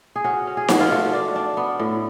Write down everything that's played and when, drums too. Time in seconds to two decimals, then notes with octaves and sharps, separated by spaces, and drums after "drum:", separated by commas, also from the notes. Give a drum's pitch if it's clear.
0.16 G#4
0.24 C#4 F#4
0.47 C#4
0.57 G#4
0.68 F3 F#4, drum: snare D#4
0.80 F4
0.91 A3 F#4
1.13 D4
1.36 D4
1.57 B3
1.80 A2